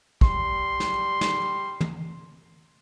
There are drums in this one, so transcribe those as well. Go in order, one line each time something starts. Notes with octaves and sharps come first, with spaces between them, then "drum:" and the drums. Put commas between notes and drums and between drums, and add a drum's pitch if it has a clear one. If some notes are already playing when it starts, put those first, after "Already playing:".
G3 C6, drum: kick
drum: snare
drum: snare
drum: tom